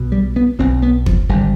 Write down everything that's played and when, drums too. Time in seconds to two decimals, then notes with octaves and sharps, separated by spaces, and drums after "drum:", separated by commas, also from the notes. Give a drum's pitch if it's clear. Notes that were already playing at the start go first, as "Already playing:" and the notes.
Already playing: B1 B2
0.12 G3
0.36 B3
0.59 B1 B2 C4
0.82 B3
1.06 F3, drum: kick
1.29 G#1 D3 G3